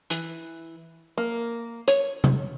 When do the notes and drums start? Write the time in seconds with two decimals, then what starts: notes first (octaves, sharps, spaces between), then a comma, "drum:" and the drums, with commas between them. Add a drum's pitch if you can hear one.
0.10 E3, drum: hi-hat
1.18 A#3
1.88 C#5, drum: hi-hat
2.24 drum: tom C3